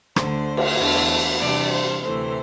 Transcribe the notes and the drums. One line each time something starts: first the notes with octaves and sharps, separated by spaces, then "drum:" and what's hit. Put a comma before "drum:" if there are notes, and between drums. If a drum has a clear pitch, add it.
D2 D3 A3 D4 C5, drum: rim click
drum: cymbal
E2 E3 A3 D4
C3 E3 G3 D4 D5
C5
D2 C3 E3 A3 C5